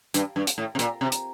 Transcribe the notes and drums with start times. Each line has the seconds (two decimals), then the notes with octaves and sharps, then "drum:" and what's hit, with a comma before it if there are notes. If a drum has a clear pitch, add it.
0.14 G2, drum: hi-hat
0.36 G2
0.47 drum: hi-hat
0.58 A2
0.75 C3
0.79 A#2, drum: hi-hat
1.01 C3
1.12 drum: hi-hat